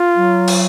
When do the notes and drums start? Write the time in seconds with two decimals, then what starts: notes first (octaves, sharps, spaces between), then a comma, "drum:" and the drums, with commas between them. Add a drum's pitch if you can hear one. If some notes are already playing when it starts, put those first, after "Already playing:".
Already playing: F4
0.16 F#3
0.48 drum: cymbal